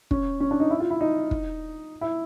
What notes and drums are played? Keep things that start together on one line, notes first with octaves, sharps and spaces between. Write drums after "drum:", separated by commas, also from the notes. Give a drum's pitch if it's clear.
C#4, drum: kick
C#4
D4
D#4
E4
F4
E4
D#4
drum: kick
E4